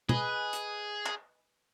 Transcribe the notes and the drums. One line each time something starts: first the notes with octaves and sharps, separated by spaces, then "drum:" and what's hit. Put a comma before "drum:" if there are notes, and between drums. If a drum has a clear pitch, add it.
G#4 B4 D#5 G#5, drum: tom
drum: hi-hat
drum: clap